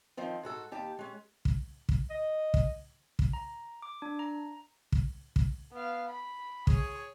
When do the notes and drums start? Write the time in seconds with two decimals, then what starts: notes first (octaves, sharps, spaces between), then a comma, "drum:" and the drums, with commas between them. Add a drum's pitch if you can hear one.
0.17 D#3 F3 C4
0.43 G#2 F#4 A4
0.72 D#2 G4 A5
0.99 G#3 C#4
1.45 drum: kick
1.89 drum: kick
2.10 D#5
2.54 drum: kick
3.19 drum: kick
3.33 A#5
3.82 D6
4.02 D4
4.19 A#5
4.92 drum: kick
5.36 drum: kick
5.72 B3 F5
6.09 B5
6.67 G#4 C#5, drum: kick